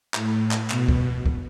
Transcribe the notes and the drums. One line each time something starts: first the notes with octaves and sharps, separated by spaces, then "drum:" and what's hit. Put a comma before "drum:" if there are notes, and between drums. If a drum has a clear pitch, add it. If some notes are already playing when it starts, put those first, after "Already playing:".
A2, drum: clap
drum: clap
B2, drum: clap
drum: kick
drum: kick